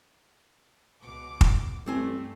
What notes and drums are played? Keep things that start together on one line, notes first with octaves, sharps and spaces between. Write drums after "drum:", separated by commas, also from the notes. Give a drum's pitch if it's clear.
C#2 B2 D6
drum: kick
A1 G2 G3 A3 C4 G#5